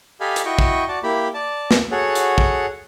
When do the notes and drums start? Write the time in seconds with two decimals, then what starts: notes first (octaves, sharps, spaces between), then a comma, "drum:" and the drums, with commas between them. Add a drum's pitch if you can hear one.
0.21 G4 A4 D#5 F5 G#5 B5
0.36 drum: hi-hat
0.45 E4 F#4 D#5 G5 C#6
0.59 drum: kick
0.88 F#4 D5 A5
1.03 A#3 E4 G4 B5
1.34 D5 A5
1.71 drum: snare
1.91 F#4 G#4 A4 C#5 F#5
2.15 drum: hi-hat
2.38 drum: kick